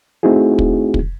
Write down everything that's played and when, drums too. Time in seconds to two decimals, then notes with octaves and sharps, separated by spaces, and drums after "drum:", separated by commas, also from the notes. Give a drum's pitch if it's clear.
0.23 A3 C4 D#4 E4 F#4 G#4
0.59 drum: kick
0.94 drum: kick